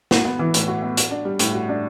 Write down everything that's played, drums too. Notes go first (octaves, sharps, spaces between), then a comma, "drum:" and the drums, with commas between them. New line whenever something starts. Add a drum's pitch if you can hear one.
F#4, drum: snare
B3
E3
A2, drum: hi-hat
F#4
B3
F#4, drum: hi-hat
D4
G3
A2, drum: hi-hat
F#4
D4